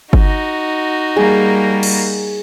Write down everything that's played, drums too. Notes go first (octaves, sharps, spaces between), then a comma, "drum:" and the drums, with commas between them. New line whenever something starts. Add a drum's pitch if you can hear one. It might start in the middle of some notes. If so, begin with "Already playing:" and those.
D#4 F#4, drum: kick G1
G3 A#3 G#4
drum: cymbal